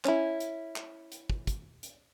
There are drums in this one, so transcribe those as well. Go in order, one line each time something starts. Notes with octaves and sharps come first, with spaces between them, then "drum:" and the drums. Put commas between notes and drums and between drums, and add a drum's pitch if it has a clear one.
C#4 E4, drum: clap
drum: hi-hat
drum: clap
drum: hi-hat
drum: kick
drum: kick, hi-hat
drum: hi-hat